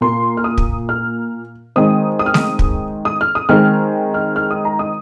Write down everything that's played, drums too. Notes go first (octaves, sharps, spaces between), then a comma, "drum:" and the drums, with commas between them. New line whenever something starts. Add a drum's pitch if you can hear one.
A#2 A#3 C6
F6
D#6
drum: kick
F6
D#3 G#3 C4 D#6
D#6
F6
D#6, drum: snare
drum: kick
D#6
F6
D#6
D#3 G#3 C4 F6
F6
F6
D#6
A#5
D#6